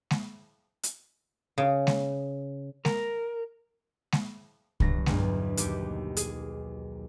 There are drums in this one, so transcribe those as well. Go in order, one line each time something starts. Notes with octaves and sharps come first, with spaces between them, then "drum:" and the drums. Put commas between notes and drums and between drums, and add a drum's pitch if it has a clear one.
drum: snare G#3
drum: hi-hat
C#3
drum: snare G#3
A#4, drum: snare G#3
drum: snare G#3
G1 F#3 A#6, drum: kick C2
B1 E2 G2, drum: snare G#3
D#2 G4, drum: hi-hat
G#4, drum: hi-hat